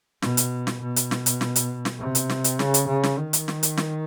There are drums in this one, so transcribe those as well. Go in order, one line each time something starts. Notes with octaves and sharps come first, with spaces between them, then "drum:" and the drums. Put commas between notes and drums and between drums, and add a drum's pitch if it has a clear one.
B2, drum: snare
drum: hi-hat
drum: snare
B2
drum: hi-hat
drum: snare
drum: hi-hat
drum: snare
drum: hi-hat
drum: snare
C3
drum: hi-hat
drum: snare
drum: hi-hat
C#3, drum: snare
drum: hi-hat
C#3
drum: snare
D#3
drum: hi-hat
drum: snare
drum: hi-hat
drum: snare